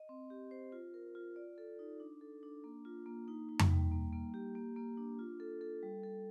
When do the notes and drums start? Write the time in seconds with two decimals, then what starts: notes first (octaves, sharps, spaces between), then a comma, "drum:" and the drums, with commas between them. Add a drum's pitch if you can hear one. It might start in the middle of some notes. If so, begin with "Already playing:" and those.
Already playing: D#5
0.09 C4
0.30 G4
0.51 C5
0.72 F4
0.94 A#4
1.15 F4
1.36 D5
1.58 A4
1.79 D#4
2.00 D4
2.21 A4
2.43 D4
2.64 A#3
2.85 F4
3.06 A#3
3.28 D#4
3.49 D#4
3.59 drum: tom F2
3.70 G3
3.91 A#3
4.13 A#3
4.34 G4
4.55 A#3
4.76 A#3
4.97 D4
5.19 F4
5.40 A4
5.61 A4
5.83 G3
6.04 A4